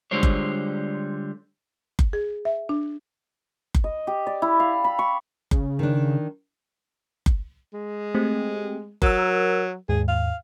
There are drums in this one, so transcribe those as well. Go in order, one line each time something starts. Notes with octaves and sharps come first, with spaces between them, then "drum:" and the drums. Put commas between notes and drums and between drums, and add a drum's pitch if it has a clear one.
D3 G3 G#3 F4 C5 C#5
drum: kick F#1
drum: kick F#1
G#4
E5
D4
drum: kick F#1
D#5
G4
D5
E4
F5
B5
C#6
C#3, drum: kick F#1
D#3 D4
drum: kick F#1
G#3
A3 C4 G4
F#3 A#4 E6, drum: kick F#1
D#2 G#2 G#4
F5